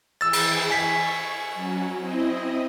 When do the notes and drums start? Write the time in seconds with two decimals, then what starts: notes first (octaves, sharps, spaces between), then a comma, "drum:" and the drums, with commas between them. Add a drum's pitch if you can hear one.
0.21 E3 G#4 G5 E6 A6
0.33 drum: cymbal
0.70 G#5 C#6 B6
1.54 F#3 C#4
1.97 C4 E4 D#5